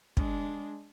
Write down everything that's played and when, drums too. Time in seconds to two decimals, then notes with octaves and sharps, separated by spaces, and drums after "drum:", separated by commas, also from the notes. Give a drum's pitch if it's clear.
0.17 G#3 D4, drum: kick